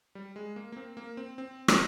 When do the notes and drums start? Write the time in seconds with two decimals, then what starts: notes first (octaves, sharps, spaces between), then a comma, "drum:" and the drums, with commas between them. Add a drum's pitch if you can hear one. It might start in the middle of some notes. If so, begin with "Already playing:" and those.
0.15 G3
0.36 G#3
0.56 A#3
0.72 A#3
0.77 C4
0.97 A#3
1.17 C4
1.38 C4
1.68 D#4, drum: rim click